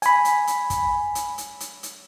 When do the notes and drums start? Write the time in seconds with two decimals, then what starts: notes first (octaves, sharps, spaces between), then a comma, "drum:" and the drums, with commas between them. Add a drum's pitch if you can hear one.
0.02 G#5 B5, drum: hi-hat
0.25 drum: hi-hat
0.47 drum: hi-hat
0.70 drum: kick, hi-hat
1.15 drum: hi-hat
1.38 drum: hi-hat
1.60 drum: hi-hat
1.83 drum: hi-hat